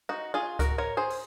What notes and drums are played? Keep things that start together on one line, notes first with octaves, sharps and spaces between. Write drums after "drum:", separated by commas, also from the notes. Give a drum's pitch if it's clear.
D#4 F#4
F4 G#4
F#4 A#4, drum: kick C#2, hi-hat
A#4 C#5
G#4 C5
drum: open hi-hat